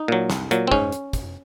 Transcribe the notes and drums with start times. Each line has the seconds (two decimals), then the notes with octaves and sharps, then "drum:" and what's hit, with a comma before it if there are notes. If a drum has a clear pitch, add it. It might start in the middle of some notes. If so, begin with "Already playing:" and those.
Already playing: D#4
0.08 A#2 F#3
0.30 C2, drum: snare
0.51 A#2 F#3, drum: hi-hat
0.67 C4
0.72 G#2 C#4, drum: kick
0.92 drum: hi-hat
1.13 drum: kick, hi-hat